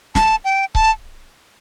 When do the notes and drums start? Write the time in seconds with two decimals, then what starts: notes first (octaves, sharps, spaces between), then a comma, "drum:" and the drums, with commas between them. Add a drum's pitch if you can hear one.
0.15 A5, drum: snare
0.45 G5
0.75 A5, drum: kick C#1